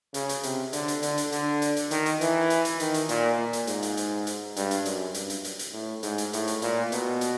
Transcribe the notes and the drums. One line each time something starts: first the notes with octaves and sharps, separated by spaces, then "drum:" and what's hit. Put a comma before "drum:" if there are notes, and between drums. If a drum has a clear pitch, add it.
C#3, drum: hi-hat
drum: hi-hat
C3, drum: hi-hat
D3, drum: hi-hat
drum: hi-hat
D3, drum: hi-hat
drum: hi-hat
D3, drum: hi-hat
drum: hi-hat
drum: hi-hat
D#3, drum: hi-hat
drum: hi-hat
E3, drum: hi-hat
drum: hi-hat
drum: hi-hat
D#3, drum: hi-hat
drum: hi-hat
A#2, drum: hi-hat
A#2
drum: hi-hat
G#2, drum: hi-hat
drum: hi-hat
drum: hi-hat
drum: hi-hat
G2, drum: hi-hat
drum: hi-hat
F#2, drum: hi-hat
G2, drum: hi-hat
drum: hi-hat
drum: hi-hat
drum: hi-hat
A2
G#2, drum: hi-hat
drum: hi-hat
A2, drum: hi-hat
drum: hi-hat
A#2, drum: hi-hat
B2, drum: hi-hat
drum: hi-hat